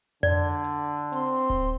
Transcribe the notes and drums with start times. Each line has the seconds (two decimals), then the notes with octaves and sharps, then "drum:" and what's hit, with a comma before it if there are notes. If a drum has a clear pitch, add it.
0.23 D3 D5, drum: tom F2
0.64 drum: hi-hat
1.12 C4 C6, drum: hi-hat
1.50 drum: kick D1